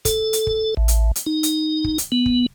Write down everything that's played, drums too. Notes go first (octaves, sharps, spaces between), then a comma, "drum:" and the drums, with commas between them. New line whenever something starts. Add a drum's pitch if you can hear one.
A4, drum: kick, hi-hat
drum: hi-hat
drum: kick
A1
drum: hi-hat
drum: hi-hat
D#4
drum: hi-hat
drum: kick
drum: hi-hat
B3
drum: kick